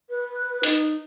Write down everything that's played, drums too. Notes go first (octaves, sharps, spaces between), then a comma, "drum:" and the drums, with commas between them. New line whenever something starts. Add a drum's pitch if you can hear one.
B4
D#4, drum: hi-hat